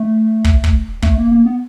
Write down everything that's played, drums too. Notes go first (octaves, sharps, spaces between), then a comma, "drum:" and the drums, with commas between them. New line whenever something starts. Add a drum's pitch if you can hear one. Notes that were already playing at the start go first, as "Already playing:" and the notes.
Already playing: A3
drum: kick
drum: kick
A3, drum: kick
A#3
A#3
B3